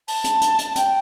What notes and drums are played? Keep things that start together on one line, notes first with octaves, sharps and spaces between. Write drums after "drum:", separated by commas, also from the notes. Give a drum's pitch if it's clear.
A5, drum: open hi-hat
drum: hi-hat
drum: hi-hat
drum: hi-hat
G5, drum: hi-hat